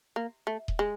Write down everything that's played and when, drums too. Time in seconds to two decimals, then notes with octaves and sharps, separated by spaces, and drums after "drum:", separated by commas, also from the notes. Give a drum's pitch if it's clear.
0.16 A#3
0.47 A3
0.68 drum: kick D#1
0.79 G#3